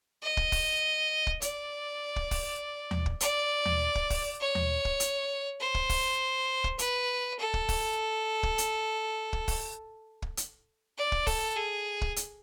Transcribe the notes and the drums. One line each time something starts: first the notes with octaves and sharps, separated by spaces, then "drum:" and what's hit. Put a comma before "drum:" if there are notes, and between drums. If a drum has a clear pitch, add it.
D#5
drum: kick
drum: kick, open hi-hat
drum: kick
D5, drum: hi-hat
drum: kick
drum: kick, open hi-hat
drum: tom D#2
drum: kick
D5, drum: hi-hat
drum: tom D#2
drum: kick
drum: kick, open hi-hat
C#5
drum: tom D#2
drum: kick
drum: hi-hat
C5
drum: kick
drum: kick, open hi-hat
drum: kick
B4, drum: hi-hat
A4
drum: kick
drum: kick, open hi-hat
drum: kick
drum: hi-hat
drum: kick
drum: kick, open hi-hat
drum: kick
drum: hi-hat
D5
drum: kick
A4, drum: kick, open hi-hat
G#4
drum: kick
drum: hi-hat